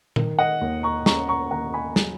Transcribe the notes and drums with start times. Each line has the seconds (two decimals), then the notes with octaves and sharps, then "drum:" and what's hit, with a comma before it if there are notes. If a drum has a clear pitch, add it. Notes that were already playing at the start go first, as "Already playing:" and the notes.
0.16 D#3, drum: tom A#2
0.39 D#5 F#5
0.61 D#2
0.83 A#5 C#6
1.06 C#4 A#5 C#6, drum: snare
1.29 A#5 C#6
1.51 D#2 F#5 A#5
1.74 G#5 B5
1.96 F#3, drum: snare